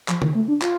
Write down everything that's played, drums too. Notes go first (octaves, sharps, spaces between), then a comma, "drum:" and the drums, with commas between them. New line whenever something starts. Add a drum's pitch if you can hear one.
F3, drum: clap
D#3, drum: tom C#3
A3
D4
F4, drum: clap